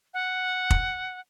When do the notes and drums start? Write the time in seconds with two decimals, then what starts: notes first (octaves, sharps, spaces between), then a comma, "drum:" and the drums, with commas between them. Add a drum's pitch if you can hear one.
0.14 F#5
0.70 drum: kick F1